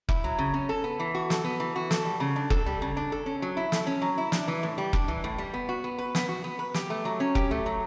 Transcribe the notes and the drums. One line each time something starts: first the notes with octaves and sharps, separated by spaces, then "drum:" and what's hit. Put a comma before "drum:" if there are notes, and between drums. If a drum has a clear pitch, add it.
E4, drum: kick F1
F#3
C#3
C#4
A4
B3
E3
F#4
A4, drum: snare
B3
E3
F#4
A4, drum: snare
G3
C#3
D4
A4, drum: kick F1
G3
C#3
D4
A4
C#4
F#3
E4
A4, drum: snare
C#4
F#3
E4
D4, drum: snare
E3
A2
G3
D4, drum: kick F1
E3
A2
G3
B3
F#4
B3
B4
B3, drum: snare
F#4
B3
B4
G4, drum: snare
A3
F#3
C#4
G4, drum: kick F1
A3
F#3